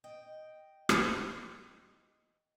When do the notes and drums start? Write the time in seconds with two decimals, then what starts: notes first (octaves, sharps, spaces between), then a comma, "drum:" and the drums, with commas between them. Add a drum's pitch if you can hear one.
0.04 D#5 G5
0.89 drum: rim click